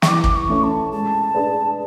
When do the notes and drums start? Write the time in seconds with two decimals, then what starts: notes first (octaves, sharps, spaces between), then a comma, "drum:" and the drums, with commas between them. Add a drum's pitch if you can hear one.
0.02 C#6, drum: snare
0.08 E3 D6
0.24 D6, drum: kick
0.36 C#6
0.50 A3 C#4
0.64 A5
0.92 G#3 A5
1.35 D4 G#4 B4